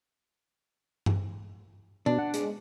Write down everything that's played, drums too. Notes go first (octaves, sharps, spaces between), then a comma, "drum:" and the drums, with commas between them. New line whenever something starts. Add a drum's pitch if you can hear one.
drum: tom G2
B2 D4
F#5
G#3, drum: hi-hat